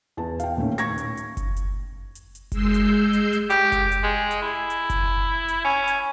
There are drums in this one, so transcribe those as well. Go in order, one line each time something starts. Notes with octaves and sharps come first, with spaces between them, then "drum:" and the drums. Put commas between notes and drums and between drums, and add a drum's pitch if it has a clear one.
E2 A5
F5 G5, drum: hi-hat
D#1 D#2 A2 C#4
C#6 G#6 A#6, drum: hi-hat
drum: hi-hat
drum: hi-hat
drum: kick F#1, hi-hat
drum: hi-hat
drum: hi-hat
drum: hi-hat
G#3 E6 G6 C7, drum: kick F#1, hi-hat
drum: hi-hat
drum: hi-hat
drum: hi-hat
G4, drum: hi-hat
drum: kick F#1, hi-hat
drum: hi-hat
G#3
drum: hi-hat
E4
drum: hi-hat
drum: kick F#1, hi-hat
drum: hi-hat
C#4
drum: hi-hat